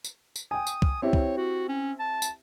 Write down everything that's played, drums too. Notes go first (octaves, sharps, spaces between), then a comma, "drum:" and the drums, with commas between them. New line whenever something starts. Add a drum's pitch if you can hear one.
drum: tambourine
drum: tambourine
G5 G#5 D#6
drum: tambourine
drum: kick
C4 E4 G4 C#5
drum: kick
F#4
C#4
A5
drum: tambourine